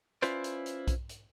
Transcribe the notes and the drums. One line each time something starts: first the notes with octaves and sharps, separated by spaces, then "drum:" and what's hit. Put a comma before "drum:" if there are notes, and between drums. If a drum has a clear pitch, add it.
C#4 E4 F4 B4 C5 D5, drum: hi-hat
drum: hi-hat
drum: hi-hat
drum: kick B1, hi-hat
drum: hi-hat